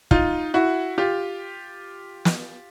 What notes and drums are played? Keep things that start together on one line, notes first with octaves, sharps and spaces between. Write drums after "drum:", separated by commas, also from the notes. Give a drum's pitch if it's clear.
D#4 F4, drum: kick
E4 F#4
F4 G4
drum: snare